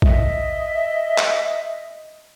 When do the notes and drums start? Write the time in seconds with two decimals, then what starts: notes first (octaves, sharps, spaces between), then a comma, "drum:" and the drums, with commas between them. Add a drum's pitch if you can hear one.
0.02 D#5 E5, drum: kick A#1
1.18 drum: clap